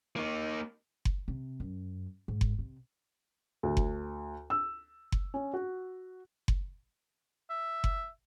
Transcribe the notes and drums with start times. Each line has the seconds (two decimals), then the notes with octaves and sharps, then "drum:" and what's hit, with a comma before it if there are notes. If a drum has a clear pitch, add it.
0.16 A#3 D#4
1.05 drum: kick F#1
1.28 C3
1.60 F#2
2.28 G#2
2.41 drum: kick F#1
2.59 C3
3.63 D2
3.77 drum: kick F#1
4.50 E6
5.12 drum: kick F#1
5.34 C#4
5.53 F#4
6.48 drum: kick F#1
7.50 E5
7.84 drum: kick F#1